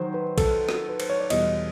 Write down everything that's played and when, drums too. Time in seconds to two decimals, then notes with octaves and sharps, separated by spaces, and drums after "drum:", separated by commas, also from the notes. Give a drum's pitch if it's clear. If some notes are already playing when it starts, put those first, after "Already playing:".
Already playing: D#3 F#3 C5
0.14 B4
0.38 A4, drum: kick A#1, cymbal
0.69 drum: rim click
0.89 B4
1.00 C5, drum: cymbal
1.10 C#5
1.20 D5
1.30 E2 B2 G3 D#5, drum: cymbal